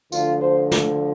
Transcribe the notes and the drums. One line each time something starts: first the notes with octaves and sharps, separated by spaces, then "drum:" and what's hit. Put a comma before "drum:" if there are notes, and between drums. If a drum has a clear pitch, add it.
D2 D3 F3 F4, drum: tambourine
C5
drum: snare